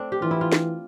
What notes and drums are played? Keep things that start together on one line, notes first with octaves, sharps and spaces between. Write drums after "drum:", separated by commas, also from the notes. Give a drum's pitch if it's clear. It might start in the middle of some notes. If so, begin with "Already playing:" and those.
Already playing: A3 C4 D4
G4
E3 F4
E4
F4
drum: snare